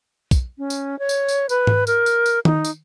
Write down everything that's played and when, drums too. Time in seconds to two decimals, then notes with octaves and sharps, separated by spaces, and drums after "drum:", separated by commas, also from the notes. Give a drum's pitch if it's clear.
0.31 drum: kick, tambourine
0.58 C#4
0.70 drum: tambourine
0.99 C#5
1.09 drum: tambourine
1.28 drum: tambourine
1.49 B4, drum: tambourine
1.67 drum: tom G#2
1.87 A#4, drum: tambourine
2.06 drum: tambourine
2.26 drum: tambourine
2.45 D#4, drum: tom D#3
2.65 drum: tambourine